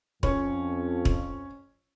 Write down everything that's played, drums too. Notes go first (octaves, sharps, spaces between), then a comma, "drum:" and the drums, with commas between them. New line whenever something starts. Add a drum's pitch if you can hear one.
F2 C#4 C#6, drum: kick
drum: kick